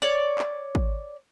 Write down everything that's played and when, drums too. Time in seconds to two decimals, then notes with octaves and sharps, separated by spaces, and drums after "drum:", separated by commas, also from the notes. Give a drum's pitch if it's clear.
0.02 C#5 D5
0.38 drum: clap
0.75 drum: kick